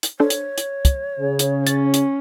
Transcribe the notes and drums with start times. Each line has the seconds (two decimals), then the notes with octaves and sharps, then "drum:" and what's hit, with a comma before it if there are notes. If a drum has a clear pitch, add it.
0.03 drum: hi-hat
0.20 D4 A4 C5 C#5
0.30 drum: hi-hat
0.58 drum: hi-hat
0.85 drum: kick, hi-hat
1.19 C#3
1.39 drum: hi-hat
1.67 C#4 A6, drum: hi-hat
1.94 drum: hi-hat